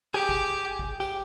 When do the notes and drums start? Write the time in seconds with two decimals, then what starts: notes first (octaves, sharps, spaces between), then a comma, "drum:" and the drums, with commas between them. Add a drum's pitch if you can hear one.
0.14 G4 G#4
0.29 drum: kick G#1
0.79 drum: kick G#1
1.00 G4, drum: cymbal